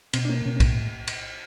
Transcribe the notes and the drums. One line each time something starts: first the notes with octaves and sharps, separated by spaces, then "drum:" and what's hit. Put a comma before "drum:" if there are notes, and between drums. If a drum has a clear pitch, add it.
B2 C4, drum: cymbal
D4
A#3 C#4
B2 C#4
C#4
A2, drum: kick, cymbal
drum: cymbal